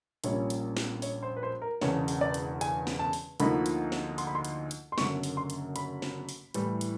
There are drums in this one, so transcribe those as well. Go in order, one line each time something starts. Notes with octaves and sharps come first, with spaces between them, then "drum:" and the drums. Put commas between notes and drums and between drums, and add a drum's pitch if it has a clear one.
A#1 A#2 G3 A#3 C#4 C#5, drum: hi-hat
drum: hi-hat
drum: snare
C#5, drum: open hi-hat
C5
B4
C5
A#4
E1 E2 C#3 C#5, drum: snare
drum: open hi-hat
D5
drum: hi-hat
G#5, drum: hi-hat
drum: snare
A5
drum: open hi-hat
D2 D3 F3 A#3 D#4 B5, drum: hi-hat
drum: hi-hat
drum: snare
C6, drum: open hi-hat
B5
C6
drum: hi-hat
drum: hi-hat
C6
F#1 F#2 D3 C#6, drum: snare
drum: open hi-hat
C6
drum: hi-hat
B5, drum: hi-hat
drum: snare
drum: open hi-hat
A2 E3 G3, drum: hi-hat
drum: hi-hat